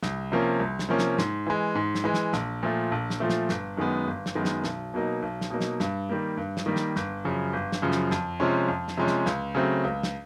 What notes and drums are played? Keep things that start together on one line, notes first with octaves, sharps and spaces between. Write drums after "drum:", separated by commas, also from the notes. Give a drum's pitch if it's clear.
C2, drum: snare
C3 F3 A#3 C#4
C2
drum: snare
C3 F3 A#3 C#4
drum: snare
G#2, drum: snare
E3 G#3
G#2
drum: snare
E3 G#3
drum: snare
A#1, drum: snare
A#2 F3 A3
A#1
drum: snare
A#2 F3 A3
drum: snare
G1, drum: snare
F#2 D#3 G#3 B3
G1
drum: snare
F#2 D#3 G#3 B3
drum: snare
B1, drum: snare
B2 F#3 A#3 D#4
B1
drum: snare
B2 F#3 A#3 D#4
drum: snare
G2, drum: snare
D#3 G3 A#3
G2
drum: snare
D#3 G3 A#3
drum: snare
G1, drum: snare
F#2 C#3 F3
G1
drum: snare
F#2 C#3 F3
drum: snare
F2, drum: snare
C3 F3 G#3 C#4
F2
drum: snare
C3 F3 G#3 C#4
drum: snare
C#2, drum: snare
C#3 F#3 A3 C4
C#2
drum: snare